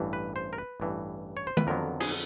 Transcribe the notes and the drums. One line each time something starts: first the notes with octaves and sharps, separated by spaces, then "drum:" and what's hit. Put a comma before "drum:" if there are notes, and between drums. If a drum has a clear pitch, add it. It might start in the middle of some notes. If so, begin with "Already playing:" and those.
Already playing: A1 G2 E3
B4
C5
A#4
B4
A1 G2 E3
C#5
C5
B4, drum: tom D#3
F2 D3 F#3 B3 A#4
G#4, drum: cymbal